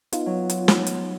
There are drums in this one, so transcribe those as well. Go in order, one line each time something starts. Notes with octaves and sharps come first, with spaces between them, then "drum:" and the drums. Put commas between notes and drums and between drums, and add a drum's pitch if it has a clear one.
B3 D#4 F4, drum: hi-hat
F#3
drum: hi-hat
drum: snare
drum: hi-hat